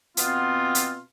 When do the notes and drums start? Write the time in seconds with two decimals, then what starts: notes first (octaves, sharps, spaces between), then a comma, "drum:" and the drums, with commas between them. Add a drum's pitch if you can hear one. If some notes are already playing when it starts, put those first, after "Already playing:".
0.17 B2 B3 C4 F4, drum: hi-hat
0.75 drum: hi-hat